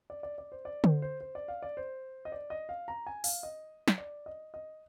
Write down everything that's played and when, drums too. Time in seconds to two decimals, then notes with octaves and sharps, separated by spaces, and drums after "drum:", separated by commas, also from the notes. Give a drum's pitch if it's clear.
0.10 D5
0.23 D5
0.38 D5
0.52 C5
0.65 D5
0.84 C5, drum: tom D3
1.02 C5
1.21 C5
1.35 D5
1.48 F5
1.62 D5
1.77 C5
2.25 D#5
2.32 D5
2.50 D#5
2.69 F5
2.88 A#5
3.07 G#5
3.24 F5, drum: open hi-hat
3.43 D#5
3.88 drum: snare
3.98 D5
4.26 D#5
4.54 D#5